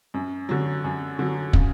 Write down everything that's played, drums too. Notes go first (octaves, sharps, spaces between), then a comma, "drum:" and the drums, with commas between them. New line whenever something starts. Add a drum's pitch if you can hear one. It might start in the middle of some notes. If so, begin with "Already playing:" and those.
F#2
D3 F#3
F#2
D3 F#3
C#3, drum: kick